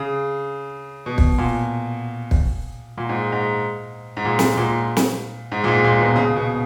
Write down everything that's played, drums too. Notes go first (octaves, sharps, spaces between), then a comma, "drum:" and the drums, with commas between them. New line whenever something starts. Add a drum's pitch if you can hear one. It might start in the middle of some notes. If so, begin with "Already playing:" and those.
Already playing: C#3
B2
drum: kick
A#2
drum: kick
A#2
G#2
G#2
G#2
A#2
drum: snare
A#2
drum: snare
G#2
A#2
G#2
A#2
B2
C#3
B2